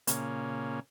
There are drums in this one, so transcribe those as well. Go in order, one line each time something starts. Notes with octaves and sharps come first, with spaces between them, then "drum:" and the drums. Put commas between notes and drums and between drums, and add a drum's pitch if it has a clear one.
A#2 C#3 A#3 C#4, drum: hi-hat